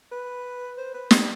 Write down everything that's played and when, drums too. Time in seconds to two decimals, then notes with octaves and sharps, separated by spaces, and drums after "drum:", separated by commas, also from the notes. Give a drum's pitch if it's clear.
0.12 B4
0.77 C5
0.94 B4
1.11 G4, drum: snare